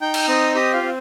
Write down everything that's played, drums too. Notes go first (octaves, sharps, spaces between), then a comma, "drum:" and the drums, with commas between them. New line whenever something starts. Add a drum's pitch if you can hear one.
D#4 G5 G6
drum: cymbal
C4 D#5 D#6
G4 D#5 D#6
F4 F5
C4